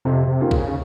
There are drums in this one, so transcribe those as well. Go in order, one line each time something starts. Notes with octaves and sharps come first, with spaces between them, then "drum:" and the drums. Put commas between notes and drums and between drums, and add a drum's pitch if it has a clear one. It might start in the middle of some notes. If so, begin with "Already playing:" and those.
F2 C3
C3
D#3 A#3 C#4 F4
C#3, drum: kick B1